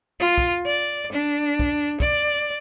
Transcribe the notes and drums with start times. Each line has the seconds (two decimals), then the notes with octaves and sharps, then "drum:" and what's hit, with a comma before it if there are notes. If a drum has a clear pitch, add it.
0.20 F4
0.38 drum: kick
0.65 D5
1.12 D4
1.59 drum: kick
2.00 D5, drum: kick